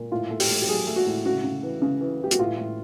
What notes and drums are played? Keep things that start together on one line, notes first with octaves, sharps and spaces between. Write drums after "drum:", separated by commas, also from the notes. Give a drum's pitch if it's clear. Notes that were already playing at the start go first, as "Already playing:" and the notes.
Already playing: A#2
A2 F4
A3
G4, drum: open hi-hat
A3
G4
F#3 G#4
A3
F#4
A2
C#3 F#4
C#3
E3
C#3
E3
E3 G4
F#4, drum: hi-hat
A2 F4
A2